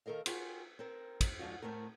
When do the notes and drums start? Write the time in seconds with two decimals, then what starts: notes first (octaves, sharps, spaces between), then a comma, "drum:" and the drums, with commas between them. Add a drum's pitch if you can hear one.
0.06 D#3 A4 A#4 D#5 F5
0.26 F4 F#4 G#4 A#4 F#5 G5, drum: cymbal
0.79 C4 A#4
1.21 drum: kick, cymbal
1.39 G#2 F3 D4 F4 F#4
1.62 A2 A3 C4 A#4